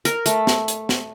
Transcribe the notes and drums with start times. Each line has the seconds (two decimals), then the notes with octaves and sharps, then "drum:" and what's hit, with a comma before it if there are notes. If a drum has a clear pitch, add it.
0.05 A#4, drum: hi-hat
0.26 A3, drum: hi-hat
0.47 drum: snare
0.68 drum: hi-hat
0.89 drum: snare